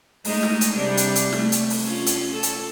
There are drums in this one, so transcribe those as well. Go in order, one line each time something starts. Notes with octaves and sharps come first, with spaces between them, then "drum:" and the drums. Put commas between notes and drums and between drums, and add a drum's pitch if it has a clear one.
G#3 A3 D#4, drum: open hi-hat
drum: snare
drum: hi-hat
C3 G3 D4
drum: hi-hat
drum: hi-hat
A3, drum: snare
drum: hi-hat
drum: open hi-hat
C#4 F4
drum: hi-hat
A4
drum: hi-hat